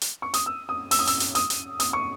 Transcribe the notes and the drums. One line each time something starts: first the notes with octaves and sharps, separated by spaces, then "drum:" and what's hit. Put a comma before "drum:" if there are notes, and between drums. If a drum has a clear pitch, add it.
drum: hi-hat
C#6
D#6, drum: hi-hat
E6
D#6
E6, drum: open hi-hat
D#6
E6, drum: hi-hat
drum: hi-hat
D#6, drum: hi-hat
drum: hi-hat
D#6, drum: hi-hat
C#6